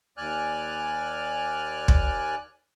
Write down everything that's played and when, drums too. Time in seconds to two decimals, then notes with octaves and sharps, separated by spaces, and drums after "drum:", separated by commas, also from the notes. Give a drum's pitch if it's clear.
0.17 D#2 D5 G#5 F6 F#6
1.88 drum: kick